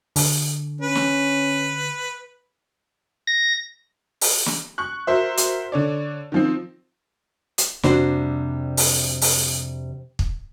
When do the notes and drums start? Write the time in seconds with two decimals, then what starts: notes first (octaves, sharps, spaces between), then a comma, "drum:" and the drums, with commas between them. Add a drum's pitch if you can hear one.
0.16 D3, drum: open hi-hat
0.81 C#4 B4
0.95 drum: snare
3.27 A#6
4.21 drum: open hi-hat
4.46 drum: snare
4.78 C#6 F#6
5.07 F#4 A#4 C5 E5
5.37 drum: hi-hat
5.72 D3 C#5 D5
6.32 D#3 F3 C4
7.58 drum: hi-hat
7.83 F2 C3 G3 D4 F#4 C5, drum: snare
8.77 drum: open hi-hat
9.21 drum: open hi-hat
10.19 drum: kick